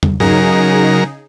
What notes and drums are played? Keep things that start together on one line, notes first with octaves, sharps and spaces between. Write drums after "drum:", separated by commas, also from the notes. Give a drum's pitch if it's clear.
drum: tom
C#3 F#3 D#4 G#4 A#4, drum: tom G2